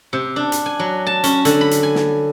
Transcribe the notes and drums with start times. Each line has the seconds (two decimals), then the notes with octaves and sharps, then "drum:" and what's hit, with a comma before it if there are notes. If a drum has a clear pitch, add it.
0.13 C3
0.36 D4
0.52 drum: hi-hat
0.66 G#5
0.79 F#3
1.07 A5
1.24 C#4, drum: hi-hat
1.45 D3, drum: hi-hat
1.61 B5
1.71 drum: hi-hat
1.83 G#5
1.95 drum: snare